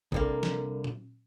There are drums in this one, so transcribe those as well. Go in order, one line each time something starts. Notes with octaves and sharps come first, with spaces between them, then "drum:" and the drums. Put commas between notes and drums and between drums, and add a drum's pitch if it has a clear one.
C2 D3 A#3, drum: kick
drum: snare
drum: tom A#2